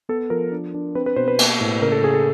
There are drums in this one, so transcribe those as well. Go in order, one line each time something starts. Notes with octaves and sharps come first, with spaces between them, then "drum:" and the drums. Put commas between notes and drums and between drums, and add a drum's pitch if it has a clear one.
B3 A4
F3 A#4
D4
D4
C4 B4
B4
B2 C5
B4
A#3, drum: cymbal
A2
C#3 A#4
A4
C#3 G#4
A4